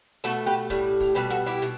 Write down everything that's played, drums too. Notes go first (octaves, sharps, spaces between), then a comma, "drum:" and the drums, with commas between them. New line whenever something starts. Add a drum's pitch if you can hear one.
B2 A3 F#4 A4
G4 B4
A2 G3, drum: kick, hi-hat
drum: kick, open hi-hat
B2 G3 G4 B4
F#4 A4, drum: hi-hat
E4 G4
B2, drum: hi-hat